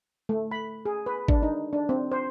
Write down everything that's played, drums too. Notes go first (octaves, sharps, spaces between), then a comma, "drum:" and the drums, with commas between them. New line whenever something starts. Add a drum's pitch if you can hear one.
A3
B5
G#4
B4
D4, drum: kick G#1
D#4
D4
C4
C5